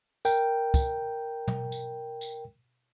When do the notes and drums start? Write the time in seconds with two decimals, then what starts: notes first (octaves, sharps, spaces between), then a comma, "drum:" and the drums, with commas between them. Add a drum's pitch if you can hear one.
0.25 A#4 G5, drum: tambourine
0.74 drum: kick, tambourine
1.48 drum: tom
1.72 drum: tambourine
2.21 drum: tambourine